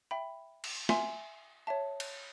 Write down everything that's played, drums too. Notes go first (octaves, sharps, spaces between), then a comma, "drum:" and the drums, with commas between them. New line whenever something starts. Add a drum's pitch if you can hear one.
E5 G5 B5
drum: cymbal
E5 G#5 C6, drum: snare
C#5 E5 A5
drum: cymbal